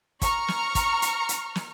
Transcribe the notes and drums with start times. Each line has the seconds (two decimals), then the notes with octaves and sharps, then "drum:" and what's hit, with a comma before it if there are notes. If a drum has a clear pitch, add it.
0.22 A#5 C#6 F6, drum: kick, hi-hat
0.48 drum: snare
0.75 drum: kick, hi-hat
1.02 drum: hi-hat
1.29 drum: hi-hat
1.55 drum: snare